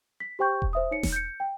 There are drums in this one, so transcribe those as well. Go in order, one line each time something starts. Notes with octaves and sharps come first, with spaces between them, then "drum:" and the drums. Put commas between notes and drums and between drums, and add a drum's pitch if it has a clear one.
B6
G4 C5 G5 C#6 G6
drum: kick E1
C5 E5 D#6
D#4 C#5 C#7
drum: snare E1
G6 C#7
G5